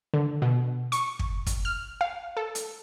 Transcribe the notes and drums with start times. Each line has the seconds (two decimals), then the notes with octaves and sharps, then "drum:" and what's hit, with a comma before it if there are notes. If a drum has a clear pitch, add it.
0.14 D3
0.42 B2
0.92 C#6, drum: hi-hat
1.19 drum: kick
1.47 drum: kick, hi-hat
1.65 F6
2.01 F5
2.37 A4
2.55 drum: hi-hat